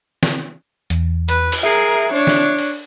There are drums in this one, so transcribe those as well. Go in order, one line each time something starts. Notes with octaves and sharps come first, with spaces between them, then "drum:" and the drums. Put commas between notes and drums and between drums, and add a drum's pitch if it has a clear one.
drum: snare
E2, drum: hi-hat
B4, drum: hi-hat
drum: cymbal
G#4 A#4 E5 C7
D4 C#5
drum: snare
drum: open hi-hat